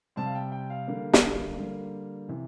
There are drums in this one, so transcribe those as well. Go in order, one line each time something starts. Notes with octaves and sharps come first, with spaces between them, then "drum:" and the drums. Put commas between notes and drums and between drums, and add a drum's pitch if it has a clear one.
C3 G3 C4 A5
F5
G5
G5
F5
D3 G3 A#3
drum: snare
D3 G3 A#3
C3 E3